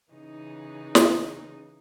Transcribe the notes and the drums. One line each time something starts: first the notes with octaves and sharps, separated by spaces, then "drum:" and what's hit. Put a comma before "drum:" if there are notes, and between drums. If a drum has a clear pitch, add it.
C#3 E3 D#4 G#4
drum: snare